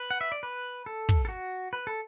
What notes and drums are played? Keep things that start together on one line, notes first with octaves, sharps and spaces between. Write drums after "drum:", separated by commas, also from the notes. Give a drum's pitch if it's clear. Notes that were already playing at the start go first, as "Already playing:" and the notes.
Already playing: B4
F#5
E5
D5
B4
A4
drum: kick
A4
F#4
B4
A4